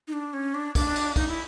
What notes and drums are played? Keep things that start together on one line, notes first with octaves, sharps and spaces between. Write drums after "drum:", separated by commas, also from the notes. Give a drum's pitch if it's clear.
D#4
D4
C#4
D4
D4, drum: kick, cymbal
drum: cymbal
D#4, drum: kick, cymbal
E4